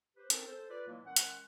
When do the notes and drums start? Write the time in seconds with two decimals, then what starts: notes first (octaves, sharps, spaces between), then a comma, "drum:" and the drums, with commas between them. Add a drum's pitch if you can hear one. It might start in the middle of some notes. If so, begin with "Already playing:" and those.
0.17 G4 B4 C5
0.30 C4 C#4 D#4 A4 A#4 C5, drum: hi-hat
0.47 A4 C5
0.70 F4 B4 D5
0.87 A2 E3 F#3 G#3 A#3
1.05 D#3 G#3 C#4 F#5
1.16 drum: hi-hat